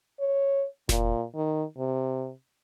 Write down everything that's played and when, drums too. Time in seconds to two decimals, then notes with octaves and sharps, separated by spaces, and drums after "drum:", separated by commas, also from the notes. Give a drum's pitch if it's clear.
0.20 C#5
0.89 A#2, drum: snare F1
1.35 D#3
1.78 C3